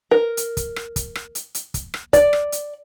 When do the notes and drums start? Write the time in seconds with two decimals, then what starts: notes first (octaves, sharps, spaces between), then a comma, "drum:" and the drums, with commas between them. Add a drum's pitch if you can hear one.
0.11 A#4
0.37 drum: hi-hat
0.57 drum: kick, hi-hat
0.76 drum: rim click
0.96 drum: kick, hi-hat
1.15 drum: rim click
1.35 drum: hi-hat
1.55 drum: hi-hat
1.74 drum: kick, hi-hat
1.94 drum: rim click
2.13 D5, drum: kick, hi-hat
2.33 drum: rim click
2.52 drum: hi-hat